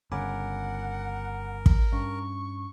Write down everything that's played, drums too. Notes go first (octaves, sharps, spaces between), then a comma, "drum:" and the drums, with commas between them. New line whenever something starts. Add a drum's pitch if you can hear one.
G1 C#3 A#4 F#5 G#5 B5 D6
drum: kick
G2 C#4 C#6